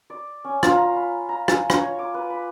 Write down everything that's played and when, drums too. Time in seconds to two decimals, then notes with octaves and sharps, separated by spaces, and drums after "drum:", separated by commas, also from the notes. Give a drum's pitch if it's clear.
0.10 D5
0.44 C#4
0.63 F4, drum: rim click
0.77 A#5
0.96 B5
1.29 A#5
1.48 G#5, drum: rim click
1.70 drum: rim click
1.79 C#5
1.99 D6
2.14 B4
2.30 B5